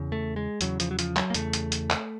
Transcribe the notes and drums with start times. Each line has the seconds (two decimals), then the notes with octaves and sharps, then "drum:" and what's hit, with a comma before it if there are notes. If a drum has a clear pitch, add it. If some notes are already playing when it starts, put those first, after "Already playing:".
Already playing: E2 C#3
0.12 A3
0.36 G#3
0.61 E2 C#3 F#3, drum: hi-hat
0.80 F3, drum: hi-hat
0.91 F#3
0.99 F3, drum: hi-hat
1.16 F#3, drum: clap
1.30 A#3
1.34 E2 C#3 A3, drum: hi-hat
1.53 drum: hi-hat
1.72 drum: hi-hat
1.90 drum: clap